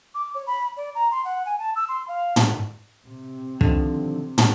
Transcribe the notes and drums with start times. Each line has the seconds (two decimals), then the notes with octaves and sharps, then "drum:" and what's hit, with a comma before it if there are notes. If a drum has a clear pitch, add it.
0.15 D6
0.35 C#5
0.47 B5
0.77 D5
0.95 A#5
1.11 C6
1.25 F#5
1.46 G#5
1.59 A5
1.76 E6
1.89 C6
2.08 F5
2.36 drum: tom
3.05 C3
3.61 D3 D#3 F3, drum: kick
4.38 drum: tom